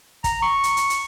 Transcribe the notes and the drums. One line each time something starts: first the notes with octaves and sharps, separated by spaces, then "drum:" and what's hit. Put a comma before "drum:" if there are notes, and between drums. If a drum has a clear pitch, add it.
A#5, drum: kick, hi-hat
C#6
drum: hi-hat
drum: hi-hat
drum: hi-hat